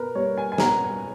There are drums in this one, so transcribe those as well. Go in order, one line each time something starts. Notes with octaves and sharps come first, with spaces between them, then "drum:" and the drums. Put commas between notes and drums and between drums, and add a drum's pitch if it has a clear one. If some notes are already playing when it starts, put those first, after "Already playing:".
Already playing: B2 A#4 B4
G3 A#3 C#5
G#5
G#5
B2 A#5, drum: snare